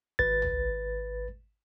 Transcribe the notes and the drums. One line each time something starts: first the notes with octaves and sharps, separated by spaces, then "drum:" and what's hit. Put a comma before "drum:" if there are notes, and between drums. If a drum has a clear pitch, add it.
G#1 B4 A6, drum: kick
drum: tom C2